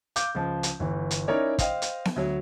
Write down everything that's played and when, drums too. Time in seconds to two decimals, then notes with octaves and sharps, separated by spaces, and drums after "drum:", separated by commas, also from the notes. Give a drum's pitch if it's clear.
0.16 F5 D6 G6, drum: hi-hat
0.35 C#2 F3
0.63 drum: hi-hat
0.79 G1 E3
1.11 drum: hi-hat
1.28 C#4 D#4 E4 A#4 C#5 D5
1.59 C5 D#5 F5 G5, drum: kick, hi-hat
1.82 drum: hi-hat
2.05 drum: snare B3
2.16 D2 F#3